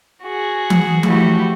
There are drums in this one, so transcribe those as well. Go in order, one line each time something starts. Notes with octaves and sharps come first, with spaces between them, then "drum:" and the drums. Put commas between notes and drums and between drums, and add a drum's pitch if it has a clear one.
F#4 G#4
drum: tom E3
F3 A3 E4 F#4 G4, drum: tom E3